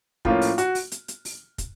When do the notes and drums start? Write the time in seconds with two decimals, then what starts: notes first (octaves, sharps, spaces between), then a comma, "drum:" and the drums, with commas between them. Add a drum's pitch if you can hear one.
0.25 A2 F3 A#3 C#4 F4, drum: kick
0.42 drum: open hi-hat
0.58 F#4, drum: hi-hat
0.75 drum: open hi-hat
0.92 drum: hi-hat
1.08 drum: hi-hat
1.25 drum: open hi-hat
1.58 drum: kick, hi-hat